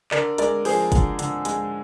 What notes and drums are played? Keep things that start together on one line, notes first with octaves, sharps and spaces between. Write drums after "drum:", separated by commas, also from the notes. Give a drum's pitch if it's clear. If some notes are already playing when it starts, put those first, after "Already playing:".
D3 A#4 D5, drum: clap
G#3 A#4 D5, drum: hi-hat
F3 G#4 C5, drum: open hi-hat
D3, drum: kick, hi-hat
D3, drum: hi-hat
G#3, drum: hi-hat